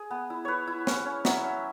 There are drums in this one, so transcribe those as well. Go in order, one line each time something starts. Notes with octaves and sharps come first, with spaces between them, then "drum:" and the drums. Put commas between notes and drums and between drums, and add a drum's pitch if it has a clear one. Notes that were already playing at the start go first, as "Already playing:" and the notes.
Already playing: G#4
B3
E4
E4 B4 C#5
E4
C#4, drum: snare
C#4
F#3 E5, drum: snare
C#4